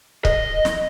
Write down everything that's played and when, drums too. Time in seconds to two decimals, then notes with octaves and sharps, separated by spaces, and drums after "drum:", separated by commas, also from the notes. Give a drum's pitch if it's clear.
0.25 D#5, drum: kick
0.65 drum: snare